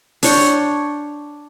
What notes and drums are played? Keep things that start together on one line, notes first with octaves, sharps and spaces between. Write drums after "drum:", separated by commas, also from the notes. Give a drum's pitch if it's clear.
D4 C#5 G5, drum: open hi-hat